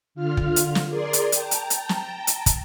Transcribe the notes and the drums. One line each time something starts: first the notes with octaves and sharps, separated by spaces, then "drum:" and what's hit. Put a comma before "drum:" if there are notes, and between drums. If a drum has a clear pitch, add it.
D3 F4 F6
drum: kick
drum: hi-hat
drum: snare
G#4 A#4 D5 C6
drum: hi-hat
G5 A5 A#5, drum: hi-hat
drum: hi-hat
drum: hi-hat
drum: snare
drum: hi-hat
drum: kick, hi-hat